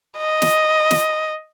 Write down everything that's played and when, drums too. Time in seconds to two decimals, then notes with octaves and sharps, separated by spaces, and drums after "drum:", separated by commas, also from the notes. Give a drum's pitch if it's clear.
0.17 D#5
0.42 drum: snare
0.91 drum: snare